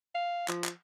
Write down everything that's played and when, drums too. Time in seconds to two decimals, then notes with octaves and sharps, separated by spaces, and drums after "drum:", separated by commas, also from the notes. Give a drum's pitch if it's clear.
0.15 F5
0.48 F3, drum: clap
0.64 drum: clap